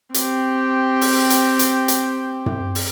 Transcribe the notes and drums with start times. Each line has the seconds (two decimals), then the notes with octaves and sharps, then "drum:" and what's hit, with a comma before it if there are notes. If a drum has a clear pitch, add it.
0.14 C4 G4, drum: hi-hat
1.01 drum: open hi-hat
1.30 drum: hi-hat
1.59 drum: hi-hat
1.88 drum: hi-hat
2.46 drum: tom
2.75 drum: open hi-hat